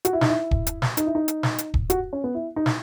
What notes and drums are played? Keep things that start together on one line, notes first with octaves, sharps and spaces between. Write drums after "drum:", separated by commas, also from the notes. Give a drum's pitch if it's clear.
F#4, drum: hi-hat
E4
D#4, drum: snare
E4
drum: kick
drum: hi-hat
drum: snare
D#4, drum: hi-hat
E4
D#4
drum: hi-hat
drum: snare
drum: hi-hat
drum: kick
F#4, drum: hi-hat
C#4
B3
E4
D#4
E4, drum: snare